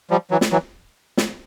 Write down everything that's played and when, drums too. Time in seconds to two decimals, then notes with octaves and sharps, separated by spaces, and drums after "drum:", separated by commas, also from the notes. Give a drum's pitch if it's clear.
0.11 F3 G3
0.31 E3 F#3
0.41 drum: snare
0.51 E3 F#3
1.17 drum: snare